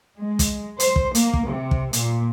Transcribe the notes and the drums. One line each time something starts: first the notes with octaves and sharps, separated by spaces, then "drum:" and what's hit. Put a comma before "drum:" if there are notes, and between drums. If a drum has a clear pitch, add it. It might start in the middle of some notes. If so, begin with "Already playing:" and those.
G#3
drum: kick, hi-hat
C5, drum: hi-hat
drum: kick
A#3, drum: hi-hat
drum: kick
C3
drum: kick
A#2, drum: hi-hat